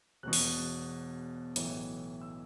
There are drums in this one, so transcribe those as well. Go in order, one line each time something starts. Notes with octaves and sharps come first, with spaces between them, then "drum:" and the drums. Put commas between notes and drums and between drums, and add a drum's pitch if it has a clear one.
E1 E2 B2 F#6
drum: open hi-hat
B1 A2 E3, drum: hi-hat
E6